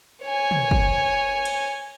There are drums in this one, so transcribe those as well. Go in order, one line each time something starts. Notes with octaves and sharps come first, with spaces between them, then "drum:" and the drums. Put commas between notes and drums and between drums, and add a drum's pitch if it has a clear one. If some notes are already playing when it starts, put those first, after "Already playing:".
C#5 G#5
drum: tom
drum: kick
drum: cymbal